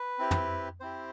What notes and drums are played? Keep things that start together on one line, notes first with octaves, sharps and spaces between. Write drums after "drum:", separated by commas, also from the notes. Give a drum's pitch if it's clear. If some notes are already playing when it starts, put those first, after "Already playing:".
Already playing: B4
C4 E4 G4
drum: tom
C4 E4 G4 C5